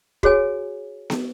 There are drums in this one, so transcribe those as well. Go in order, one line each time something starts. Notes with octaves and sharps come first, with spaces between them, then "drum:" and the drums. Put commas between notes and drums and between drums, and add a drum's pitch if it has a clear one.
F#4 G#4 C#5 G#5, drum: kick
drum: snare B3